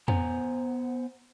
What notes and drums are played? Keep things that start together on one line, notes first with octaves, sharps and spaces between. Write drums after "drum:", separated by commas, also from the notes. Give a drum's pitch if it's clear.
B3 C5 F#5 G#5 A#5, drum: tom